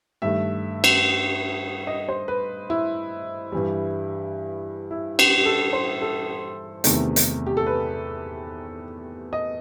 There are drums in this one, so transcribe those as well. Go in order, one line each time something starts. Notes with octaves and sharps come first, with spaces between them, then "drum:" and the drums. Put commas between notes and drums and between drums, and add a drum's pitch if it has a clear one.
G2 D#3 A3 E5
drum: cymbal
D#5
C5
B4
E4
G2 E3 G3
E4
G4, drum: cymbal
G4
A4
C5
A4
E2 C3 D#3 A3, drum: hi-hat
drum: hi-hat
G4
A4
B4
D#5